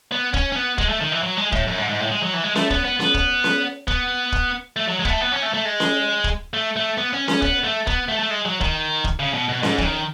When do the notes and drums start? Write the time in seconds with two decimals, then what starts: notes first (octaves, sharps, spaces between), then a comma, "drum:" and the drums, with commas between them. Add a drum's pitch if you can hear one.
0.12 B3
0.34 C#4, drum: kick
0.52 C#4
0.56 B3
0.78 G#3, drum: kick
0.89 A3
1.01 D#3
1.12 E3
1.23 F#3
1.37 G#3
1.52 A2, drum: kick
1.68 F#2
1.78 G#2
1.90 G#2
2.00 A2
2.11 G#3
2.23 F#3
2.34 E3
2.44 G#3
2.56 A3, drum: snare C#4
2.70 B3, drum: kick
2.85 B3
3.00 B3, drum: snare C#4
3.14 drum: kick
3.44 drum: snare C#4
3.88 B3, drum: kick
4.32 drum: kick
4.76 A3
4.88 F#3
4.99 G#3
5.05 B3, drum: kick
5.10 A3
5.21 B3
5.32 C#4
5.42 A3
5.54 A3
5.65 G#3
5.80 drum: snare C#4
6.24 drum: kick
6.54 A3
6.76 A3
6.98 B3
7.13 C#4
7.28 C#4, drum: snare C#4
7.42 B3, drum: kick
7.64 A3
7.87 B3, drum: kick
8.09 A3
8.19 A3
8.31 G#3
8.45 F#3
8.61 D#3, drum: kick
9.04 drum: kick
9.19 C#3
9.34 B2
9.49 B2
9.63 G#2, drum: snare C#4
9.78 E3, drum: kick
9.85 D#3